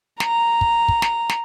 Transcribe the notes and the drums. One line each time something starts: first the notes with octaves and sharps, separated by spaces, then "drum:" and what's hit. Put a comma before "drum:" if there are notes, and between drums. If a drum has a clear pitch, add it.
A#5, drum: snare
drum: kick
drum: kick
drum: snare
drum: snare